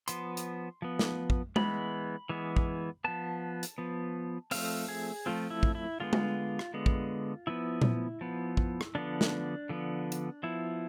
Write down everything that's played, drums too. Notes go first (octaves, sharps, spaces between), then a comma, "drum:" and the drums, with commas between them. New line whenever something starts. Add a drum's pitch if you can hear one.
F3 B3 C6, drum: hi-hat
drum: hi-hat
F3 B3
drum: snare
drum: kick
E3 G#3 B3 B5, drum: tom G#3
E3 G#3 B3
drum: kick
F3 B3 A5
drum: hi-hat
F3 B3
F3 A3 C4 F5, drum: open hi-hat
G#4
F3 A3 C4 F4
E4
drum: kick
E4
D3 G#3 B3 F4
drum: tom G#3
drum: rim click
D3 G#3 B3
drum: kick
F3 B3 E4
drum: tom A#2
F3 B3
drum: kick
drum: rim click
D3 F3 B3 D4
drum: snare
D3 F3 B3
drum: hi-hat
F3 B3 E4